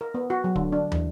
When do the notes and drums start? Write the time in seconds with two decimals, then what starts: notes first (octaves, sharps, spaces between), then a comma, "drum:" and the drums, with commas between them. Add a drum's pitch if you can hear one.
0.01 A#4
0.14 B3
0.30 F#4
0.44 F#3
0.56 D3, drum: kick
0.72 D4
0.92 E3, drum: tom